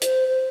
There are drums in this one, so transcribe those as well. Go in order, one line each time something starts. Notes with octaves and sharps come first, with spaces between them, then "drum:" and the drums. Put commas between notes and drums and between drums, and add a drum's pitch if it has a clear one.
C5, drum: hi-hat
C5